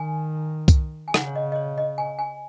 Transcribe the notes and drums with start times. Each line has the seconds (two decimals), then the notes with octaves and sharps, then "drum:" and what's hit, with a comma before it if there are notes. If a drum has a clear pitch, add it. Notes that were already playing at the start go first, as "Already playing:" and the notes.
Already playing: D#3 G#5
0.68 drum: kick C2, tambourine
1.08 G#5
1.14 C#3 F#5, drum: rim click
1.27 C#5
1.36 D#5
1.52 D#5
1.56 C#5
1.78 D#5
1.98 G#5
2.19 G#5